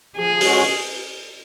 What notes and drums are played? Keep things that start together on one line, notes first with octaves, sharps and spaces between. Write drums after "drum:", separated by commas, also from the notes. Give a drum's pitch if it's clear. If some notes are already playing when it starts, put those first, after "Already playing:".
F3 G#4
G#3 C#4 F#4, drum: open hi-hat